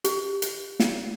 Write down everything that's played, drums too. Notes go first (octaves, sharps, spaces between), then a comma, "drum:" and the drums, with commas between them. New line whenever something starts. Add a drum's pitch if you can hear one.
G4, drum: hi-hat
drum: hi-hat
drum: snare